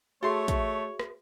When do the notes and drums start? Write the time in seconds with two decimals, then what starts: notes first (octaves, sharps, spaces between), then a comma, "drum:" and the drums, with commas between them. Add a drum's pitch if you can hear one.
0.23 A3 F#4 G#4 A4 C#5 E5 C6
0.48 drum: kick, hi-hat
0.99 drum: rim click